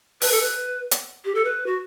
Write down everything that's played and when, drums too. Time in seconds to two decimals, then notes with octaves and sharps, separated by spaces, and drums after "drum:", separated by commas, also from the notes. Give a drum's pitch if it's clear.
0.21 B4, drum: open hi-hat
0.32 A4
0.41 B4
0.91 drum: hi-hat
1.25 G4
1.35 A4
1.45 B4
1.66 F#4